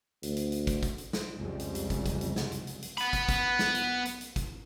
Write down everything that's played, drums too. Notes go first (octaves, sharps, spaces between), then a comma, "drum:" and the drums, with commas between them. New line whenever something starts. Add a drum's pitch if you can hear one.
D2, drum: hi-hat
drum: hi-hat
drum: hi-hat
drum: kick, hi-hat
drum: kick, hi-hat
drum: hi-hat
drum: snare
C2 F2 C#3 G3 G#3
drum: hi-hat
drum: hi-hat
drum: kick, hi-hat
drum: kick, hi-hat
drum: hi-hat
drum: snare
drum: hi-hat
drum: hi-hat
drum: hi-hat
B3 B5, drum: hi-hat
drum: kick, hi-hat
drum: kick, hi-hat
drum: snare
drum: hi-hat
drum: hi-hat
drum: hi-hat
drum: kick, hi-hat